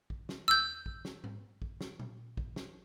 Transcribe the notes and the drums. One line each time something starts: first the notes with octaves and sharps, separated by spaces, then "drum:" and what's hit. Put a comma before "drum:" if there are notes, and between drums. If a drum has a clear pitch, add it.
drum: kick
drum: snare
E6 G6, drum: tom E2
drum: kick
drum: snare
drum: tom G#2
drum: kick
drum: snare
drum: tom A#2
drum: kick
drum: snare